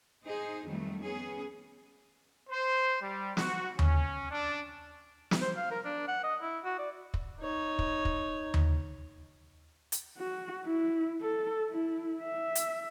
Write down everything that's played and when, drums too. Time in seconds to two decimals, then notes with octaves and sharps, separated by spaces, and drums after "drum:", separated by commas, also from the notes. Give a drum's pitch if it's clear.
0.25 D#4 G#4 C5 D#5
0.65 F2 D#3 F#3 G3 A3
1.02 B3 C#4 G#4
2.50 C5
3.01 G3
3.37 F#4, drum: snare
3.79 C#4, drum: tom D#2
4.30 D4
5.31 drum: snare
5.42 C5
5.56 F5
5.71 A#4
5.84 D4
6.07 F#5
6.23 D#5
6.41 E4
6.64 F#4
6.78 D5
7.14 drum: kick
7.40 D#4 C#5
7.79 drum: kick
8.05 drum: kick
8.54 drum: tom D#2
9.92 drum: hi-hat
10.18 F#4
10.65 E4
11.22 A4
11.70 E4
12.23 E5
12.55 drum: hi-hat